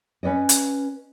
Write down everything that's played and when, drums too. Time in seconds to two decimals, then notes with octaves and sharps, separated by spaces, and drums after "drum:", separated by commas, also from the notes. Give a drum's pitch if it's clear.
0.23 C#4 B4 D5 D#5
0.49 drum: hi-hat